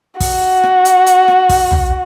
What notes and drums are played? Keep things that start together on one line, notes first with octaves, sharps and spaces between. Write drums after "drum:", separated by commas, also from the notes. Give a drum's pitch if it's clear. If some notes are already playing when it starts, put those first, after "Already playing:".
F#4, drum: kick, open hi-hat
drum: rim click
drum: hi-hat
drum: hi-hat
drum: rim click
drum: kick, open hi-hat
drum: tom